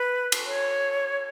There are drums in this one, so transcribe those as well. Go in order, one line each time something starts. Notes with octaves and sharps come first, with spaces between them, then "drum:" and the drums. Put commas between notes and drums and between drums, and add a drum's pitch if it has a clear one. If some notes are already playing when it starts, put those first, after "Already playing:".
Already playing: B4
drum: cymbal
C#5